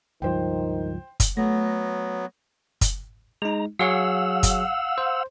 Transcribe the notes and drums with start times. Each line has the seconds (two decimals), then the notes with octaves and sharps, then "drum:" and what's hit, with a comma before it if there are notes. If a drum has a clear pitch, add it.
0.22 C#2 G2 D#3 F3 C5 G5
1.20 drum: kick, hi-hat
1.37 F#3 A3 B3 A#6
2.81 drum: kick, hi-hat
3.42 G#3 D#4 A#5
3.80 F#3 G#4 C#5 F5 F#5 E6
4.43 drum: kick, hi-hat
4.98 C5